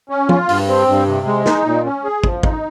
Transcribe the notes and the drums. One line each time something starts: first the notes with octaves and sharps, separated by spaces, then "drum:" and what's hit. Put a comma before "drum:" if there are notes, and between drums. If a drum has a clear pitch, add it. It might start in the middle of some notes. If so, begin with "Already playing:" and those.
C#4
F4, drum: tom
G2, drum: open hi-hat
C4
G2
C3
G#3
D#4, drum: snare
A#2
C#4
G#4
F3, drum: kick
D#4, drum: kick